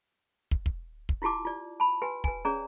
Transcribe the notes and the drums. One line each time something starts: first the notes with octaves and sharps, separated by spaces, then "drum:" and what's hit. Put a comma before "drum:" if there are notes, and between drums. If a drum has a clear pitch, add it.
drum: kick
drum: kick
drum: kick
E4 F4 G4 A5 D6
F4 D5
A5 B5
G4 B4 G#5
B4 G#5, drum: kick
C#4 G#4 C#5 D5 A#5